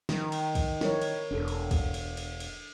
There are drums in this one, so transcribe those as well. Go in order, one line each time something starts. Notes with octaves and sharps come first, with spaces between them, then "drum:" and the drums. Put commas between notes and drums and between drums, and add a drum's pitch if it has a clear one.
D#3, drum: snare
drum: cymbal
drum: kick, cymbal
E4 A#4 C#5, drum: snare
drum: cymbal
E1 D4 A4
drum: cymbal
drum: kick, cymbal
drum: cymbal
drum: cymbal
drum: cymbal